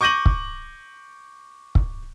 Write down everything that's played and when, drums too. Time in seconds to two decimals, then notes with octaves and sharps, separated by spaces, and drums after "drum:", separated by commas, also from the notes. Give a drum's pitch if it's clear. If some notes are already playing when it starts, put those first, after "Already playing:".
0.01 C#6 D6 G6 A#6 D#7 F#7
0.26 drum: kick
1.75 drum: kick